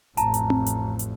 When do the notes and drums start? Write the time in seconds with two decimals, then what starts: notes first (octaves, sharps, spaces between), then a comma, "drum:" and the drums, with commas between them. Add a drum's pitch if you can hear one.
0.17 A1 F2 A5 A#5, drum: hi-hat
0.34 drum: hi-hat
0.50 drum: tom C4
0.66 drum: hi-hat
0.99 drum: hi-hat